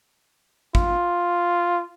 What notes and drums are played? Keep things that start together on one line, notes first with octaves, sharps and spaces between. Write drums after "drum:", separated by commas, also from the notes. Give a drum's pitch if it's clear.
F4, drum: kick A1